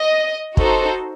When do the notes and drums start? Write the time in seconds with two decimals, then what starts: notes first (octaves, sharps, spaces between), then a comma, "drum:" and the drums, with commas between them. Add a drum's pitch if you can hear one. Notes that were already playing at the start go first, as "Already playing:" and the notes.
Already playing: D#5
0.57 D#4 F#4 A4 C5, drum: kick